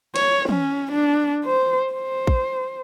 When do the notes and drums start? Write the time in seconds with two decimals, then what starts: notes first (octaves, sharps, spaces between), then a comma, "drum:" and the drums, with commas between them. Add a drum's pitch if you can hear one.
0.16 C#5, drum: cymbal
0.49 C#4, drum: tom
0.92 D4
1.45 C5
1.93 C5
2.27 drum: kick A1